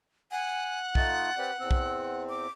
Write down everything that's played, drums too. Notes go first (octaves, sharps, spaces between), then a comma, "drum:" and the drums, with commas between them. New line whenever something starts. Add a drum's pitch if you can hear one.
F#5 G#5
A3 D#4 F4 A6, drum: kick
C4 G4 B4 D5
E2 C4 E6
drum: kick
D6